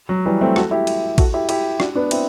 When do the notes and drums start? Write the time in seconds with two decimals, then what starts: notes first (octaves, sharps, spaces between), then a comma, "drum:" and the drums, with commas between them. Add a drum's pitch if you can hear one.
0.09 F#3
0.26 E3 G3
0.41 A3 C4
0.56 F#4 A4, drum: rim click
0.71 E4 G4
0.87 drum: cymbal
1.18 F#4 A4, drum: kick A#1, cymbal
1.34 E4 G4
1.49 E4 G4, drum: cymbal
1.80 D4 F#4, drum: rim click
1.95 B3 D4
2.11 C4 E4, drum: cymbal